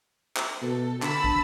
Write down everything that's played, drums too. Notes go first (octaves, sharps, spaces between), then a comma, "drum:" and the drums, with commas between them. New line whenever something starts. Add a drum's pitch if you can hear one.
drum: clap
B2 A4
D3 A5 B5 E6, drum: clap
drum: kick